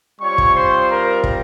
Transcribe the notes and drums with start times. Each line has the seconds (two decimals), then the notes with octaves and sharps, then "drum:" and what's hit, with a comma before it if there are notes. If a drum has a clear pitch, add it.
0.20 G3 C4 F4 C#5 C#6
0.38 drum: kick
0.55 C5 C6
0.90 A#4 A#5
1.24 drum: kick